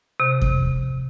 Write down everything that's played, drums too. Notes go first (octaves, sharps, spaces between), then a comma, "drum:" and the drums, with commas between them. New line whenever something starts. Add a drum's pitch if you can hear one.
C3
drum: kick E2